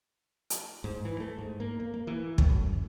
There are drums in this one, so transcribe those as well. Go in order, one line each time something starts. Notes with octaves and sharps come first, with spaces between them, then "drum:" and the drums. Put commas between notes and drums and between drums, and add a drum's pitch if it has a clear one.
drum: hi-hat
G#2
E3
A3
G#2
A#3
A#3
A#3
E3
A2, drum: kick
F#2